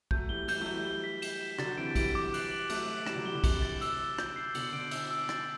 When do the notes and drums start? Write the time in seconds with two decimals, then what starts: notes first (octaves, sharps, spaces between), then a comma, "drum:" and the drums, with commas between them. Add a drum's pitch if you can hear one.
0.11 F#3 A3 G6, drum: kick
0.29 E3 G3 G7
0.48 E3 G3 G6, drum: cymbal
0.61 F#3 A3
0.66 G6
0.72 E3 G3
0.85 G7
1.04 B6
1.22 E7, drum: cymbal
1.41 E7
1.59 D3 F#3 A6, drum: rim click
1.77 C3 E3 D7
1.95 E3 G3 D7, drum: kick, cymbal
2.15 D6
2.34 F#6, drum: cymbal
2.51 F#7
2.69 F#3 A3 F#6, drum: cymbal
2.88 F#7
3.06 E3 G3 E7, drum: rim click
3.16 D3 F#3
3.25 E3 G3 G7
3.35 D3 F#3
3.44 C3 E3 E7, drum: kick, cymbal
3.62 A6
3.81 E6, drum: cymbal
3.99 E6
4.19 G6, drum: rim click
4.36 C7
4.55 B2 D3 F#7, drum: cymbal
4.73 B2 D3 D7
4.91 E6, drum: cymbal
5.10 E6
5.29 A6, drum: rim click